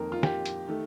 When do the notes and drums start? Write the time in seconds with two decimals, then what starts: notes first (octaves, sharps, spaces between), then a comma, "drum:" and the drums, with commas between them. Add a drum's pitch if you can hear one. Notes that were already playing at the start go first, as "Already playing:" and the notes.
Already playing: F2 D#3 A#3 A#4
0.12 F4
0.23 G4, drum: snare
0.45 drum: hi-hat
0.68 D#3 A3